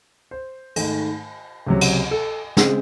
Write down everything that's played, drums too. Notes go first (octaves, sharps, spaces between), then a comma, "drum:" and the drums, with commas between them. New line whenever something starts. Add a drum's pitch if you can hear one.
C5
G#2 D#3 A3, drum: cymbal
C#2 C3 F#3
drum: cymbal
A4
C#3 G#3 C4, drum: snare